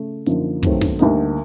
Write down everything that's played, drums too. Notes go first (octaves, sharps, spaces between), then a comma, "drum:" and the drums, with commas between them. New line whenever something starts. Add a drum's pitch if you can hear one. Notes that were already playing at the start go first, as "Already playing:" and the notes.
Already playing: C#3 A3
F#2 D3 F3 A#3 D#4, drum: hi-hat
G2 D#3 F#3 A3 C4, drum: kick, hi-hat
drum: snare
D2 D3 G3 A#3 D#4, drum: hi-hat